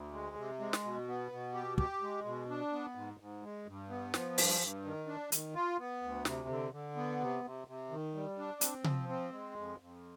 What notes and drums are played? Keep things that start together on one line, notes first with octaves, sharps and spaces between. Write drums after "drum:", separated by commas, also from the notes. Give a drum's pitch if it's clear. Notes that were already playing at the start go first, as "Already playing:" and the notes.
Already playing: D2
G#3
C3
G#3
drum: snare
B2
B3
B2
G4
G4, drum: kick
G#3
B2
D4
B3
G#2
G#2
G#3
G2
B3
F3, drum: snare
G2, drum: open hi-hat
G2
D#3
D4
D#3, drum: hi-hat
F4
B3
D2
C3, drum: snare
D3
D3
B3
C3
C3
C3
D#3
G3
D4
C4, drum: hi-hat
F3, drum: tom C3
C4
G#3
F2
F2